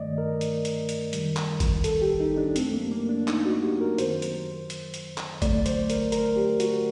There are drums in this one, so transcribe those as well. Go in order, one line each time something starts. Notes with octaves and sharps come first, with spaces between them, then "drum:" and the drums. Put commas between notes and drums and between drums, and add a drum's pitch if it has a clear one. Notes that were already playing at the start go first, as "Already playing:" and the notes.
Already playing: G2 D#3 A3 D5 D#5
A#4
drum: hi-hat
drum: hi-hat
drum: hi-hat
F#2 D#3 G3, drum: hi-hat
drum: clap
drum: kick G1, hi-hat
A4, drum: hi-hat
G4
D#4
D4
F#2 F#3 A3 C4, drum: hi-hat
A#3
A#3
D4
D#4, drum: clap
F#4
G4
A#4
F#2 D#3 F#3 C5, drum: hi-hat
drum: hi-hat
drum: hi-hat
drum: hi-hat
drum: clap
D#2 D3 F#3 A3 D5, drum: kick G1, hi-hat
C5, drum: hi-hat
A#4, drum: hi-hat
A#4, drum: hi-hat
G4
F#4, drum: hi-hat